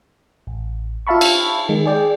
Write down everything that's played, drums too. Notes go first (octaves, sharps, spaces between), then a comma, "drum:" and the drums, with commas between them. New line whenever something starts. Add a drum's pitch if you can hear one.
A1
F4 E5 F5 A5 B5 C#6
drum: cymbal
D#3 G#3
G#4 D5 G5